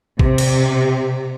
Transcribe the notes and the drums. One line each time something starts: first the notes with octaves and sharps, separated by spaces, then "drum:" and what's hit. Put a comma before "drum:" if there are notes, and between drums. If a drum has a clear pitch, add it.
C3, drum: kick
drum: cymbal